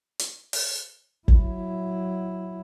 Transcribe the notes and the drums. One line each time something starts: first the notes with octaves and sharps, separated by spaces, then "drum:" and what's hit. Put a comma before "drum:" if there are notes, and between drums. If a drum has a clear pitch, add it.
drum: hi-hat
drum: open hi-hat
F#3 E4, drum: kick